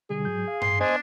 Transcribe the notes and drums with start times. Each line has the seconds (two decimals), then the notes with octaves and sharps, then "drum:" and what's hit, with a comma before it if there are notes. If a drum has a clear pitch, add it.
0.10 B2 D3 G3 G#4
0.25 G#2 F#3 G6
0.48 F5
0.62 C6, drum: tom G2
0.81 B3 D4 C5 D#5 G#5